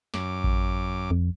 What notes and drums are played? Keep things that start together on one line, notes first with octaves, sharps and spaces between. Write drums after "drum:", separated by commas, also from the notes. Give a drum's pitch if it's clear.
F#2 D6, drum: snare
drum: kick A1
F2